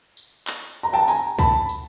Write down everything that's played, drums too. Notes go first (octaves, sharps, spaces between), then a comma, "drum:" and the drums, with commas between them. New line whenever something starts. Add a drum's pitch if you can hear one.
drum: tambourine
drum: clap
A#5
G5 A5
G#5 A#5, drum: tambourine
A5 B5, drum: kick C2, tambourine
drum: tambourine